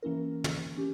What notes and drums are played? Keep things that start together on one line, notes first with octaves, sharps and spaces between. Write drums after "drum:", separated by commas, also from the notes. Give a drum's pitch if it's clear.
E3 A#3 C#4 E4 A#4
drum: tom
C#4 G4